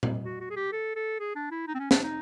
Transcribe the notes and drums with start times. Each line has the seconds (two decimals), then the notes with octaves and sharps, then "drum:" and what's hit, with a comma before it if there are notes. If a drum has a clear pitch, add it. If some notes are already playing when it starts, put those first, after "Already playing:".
0.03 drum: tom A#2
0.25 F#4
0.40 F#4
0.50 G#4
0.56 G4
0.72 A4
0.96 A4
1.20 G#4
1.36 D4
1.51 E4
1.68 D#4
1.75 C4
1.79 C#4
1.91 D4, drum: snare
2.03 D#4